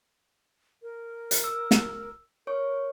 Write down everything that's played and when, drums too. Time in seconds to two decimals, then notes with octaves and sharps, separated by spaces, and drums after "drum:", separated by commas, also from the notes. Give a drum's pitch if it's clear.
0.83 A#4
1.31 drum: hi-hat
1.44 E6
1.71 drum: snare
2.47 A#4 C#5 C#6